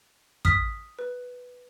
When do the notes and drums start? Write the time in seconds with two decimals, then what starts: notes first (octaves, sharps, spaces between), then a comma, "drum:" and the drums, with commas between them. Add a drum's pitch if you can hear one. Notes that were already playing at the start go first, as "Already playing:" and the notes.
0.45 D#6 F6 B6, drum: kick
0.99 B4